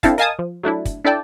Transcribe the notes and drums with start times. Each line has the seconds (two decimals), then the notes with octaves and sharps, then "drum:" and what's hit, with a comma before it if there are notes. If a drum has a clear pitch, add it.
0.03 C4 D4 E4 A4 F5, drum: kick, hi-hat
0.18 A#4 D#5 F5 G#5 A5 D#6, drum: hi-hat
0.39 F3
0.63 F#3 A3 D4 E4
0.85 drum: kick, hi-hat
1.05 D4 E4 A4 D5 G5 A5